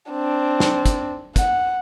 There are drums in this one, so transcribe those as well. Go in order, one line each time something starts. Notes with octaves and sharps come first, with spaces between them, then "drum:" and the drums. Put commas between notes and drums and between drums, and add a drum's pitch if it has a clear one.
C4 D4
drum: snare
drum: kick, hi-hat
F#5, drum: kick, hi-hat